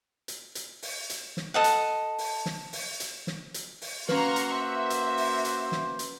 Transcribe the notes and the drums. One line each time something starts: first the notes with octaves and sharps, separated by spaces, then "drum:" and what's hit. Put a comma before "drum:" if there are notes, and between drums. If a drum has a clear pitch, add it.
drum: hi-hat
drum: hi-hat
drum: open hi-hat
drum: hi-hat
drum: snare
A4 D#5 F#5
drum: hi-hat
drum: open hi-hat
drum: snare
drum: open hi-hat
drum: hi-hat
drum: snare
drum: hi-hat
drum: open hi-hat
A#3 C#4 F#4 B4 F5 A#5 C6 C#6, drum: snare
drum: hi-hat
C5 E5
drum: hi-hat
drum: open hi-hat
drum: hi-hat
drum: snare
drum: hi-hat